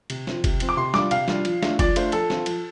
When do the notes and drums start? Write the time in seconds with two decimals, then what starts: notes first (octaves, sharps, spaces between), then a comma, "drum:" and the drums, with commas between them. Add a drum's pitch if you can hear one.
0.10 C3, drum: cymbal
0.27 F3 C4, drum: snare
0.44 C3, drum: kick F#1, cymbal
0.60 F3 C4, drum: cymbal
0.69 D6
0.77 C3 C6
0.94 G3 D4 F4 D6, drum: snare
1.11 C3 F5, drum: cymbal
1.28 G3 D4 F4, drum: snare
1.45 F3, drum: cymbal
1.63 A3 D4 F4, drum: snare
1.79 F3 D5, drum: kick F#1, cymbal
1.96 A3 D4 F4 C5, drum: cymbal
2.12 F3 A4, drum: cymbal
2.30 C4 F4, drum: snare
2.46 F3, drum: cymbal